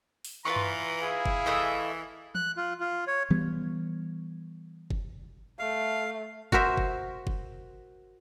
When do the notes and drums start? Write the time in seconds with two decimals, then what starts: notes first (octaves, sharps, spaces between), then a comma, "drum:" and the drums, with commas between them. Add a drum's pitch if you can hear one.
0.25 drum: open hi-hat
0.45 E3 F4 B4 A#5 C#6
0.56 drum: tom F#2
1.02 E4 G#4 F5
1.26 drum: kick F#1
1.46 E3 A3 D#5 E5
2.35 F#6, drum: tom E3
2.57 F4
2.80 F4
3.07 C#5
3.30 E3 G3 B3
4.90 drum: kick F#1
5.59 A3 F5
6.52 F#4 A#4 C5 E5, drum: kick F#1
6.77 drum: kick F#1
7.27 drum: kick F#1